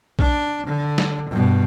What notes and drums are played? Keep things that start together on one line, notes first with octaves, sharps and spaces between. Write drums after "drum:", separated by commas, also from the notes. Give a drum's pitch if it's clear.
D4, drum: kick A#1
D3
drum: snare
G2 B2